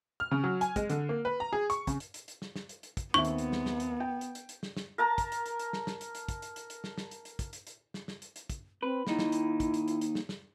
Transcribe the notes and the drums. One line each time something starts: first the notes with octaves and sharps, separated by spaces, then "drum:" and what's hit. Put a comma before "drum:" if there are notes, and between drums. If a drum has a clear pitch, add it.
F6
C#3
F#3
G#5, drum: hi-hat
G#3, drum: kick, hi-hat
D3, drum: hi-hat
A#3
B4
A#5
G#4
C#6, drum: hi-hat
C#3, drum: kick, hi-hat
drum: hi-hat
drum: hi-hat
drum: hi-hat
drum: snare
drum: snare
drum: hi-hat
drum: hi-hat
drum: kick, hi-hat
D#2 B3 C4 E5 C#6
drum: hi-hat
drum: hi-hat
drum: snare
drum: snare
drum: hi-hat
G5
drum: hi-hat
drum: hi-hat
drum: hi-hat
drum: snare
drum: snare
A#4 A5 A#5
drum: kick, hi-hat
drum: hi-hat
drum: hi-hat
drum: hi-hat
drum: snare
drum: snare
drum: hi-hat
drum: hi-hat
drum: kick, hi-hat
drum: hi-hat
drum: hi-hat
drum: hi-hat
drum: snare
drum: snare
drum: hi-hat
drum: hi-hat
drum: kick, hi-hat
drum: hi-hat
drum: hi-hat
drum: snare
drum: snare
drum: hi-hat
drum: hi-hat
drum: kick, hi-hat
C4 B4
D#2 D#4 E4, drum: snare
drum: snare
drum: hi-hat
drum: kick, hi-hat
drum: hi-hat
drum: hi-hat
drum: hi-hat
drum: snare
drum: snare